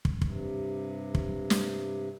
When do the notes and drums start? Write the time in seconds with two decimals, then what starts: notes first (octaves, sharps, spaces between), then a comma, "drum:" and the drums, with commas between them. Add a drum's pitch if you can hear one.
0.05 drum: kick
0.22 G2 C3, drum: kick
1.15 drum: kick
1.50 drum: snare